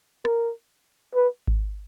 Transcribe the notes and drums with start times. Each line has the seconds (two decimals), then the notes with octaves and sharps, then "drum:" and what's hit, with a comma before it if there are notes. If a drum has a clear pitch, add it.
0.25 A#4, drum: rim click
1.15 B4
1.47 drum: kick G#1